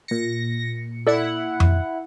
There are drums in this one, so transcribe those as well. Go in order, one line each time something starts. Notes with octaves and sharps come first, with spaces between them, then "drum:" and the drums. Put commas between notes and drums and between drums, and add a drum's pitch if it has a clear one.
A#2 A#6 C#7
E4 A4 D5 F#5
drum: tom F2